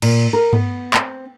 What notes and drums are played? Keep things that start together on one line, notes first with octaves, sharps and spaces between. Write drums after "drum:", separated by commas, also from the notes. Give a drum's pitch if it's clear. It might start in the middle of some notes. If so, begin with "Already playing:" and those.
A#2, drum: cymbal
A#4
B3, drum: tom G2
C4, drum: clap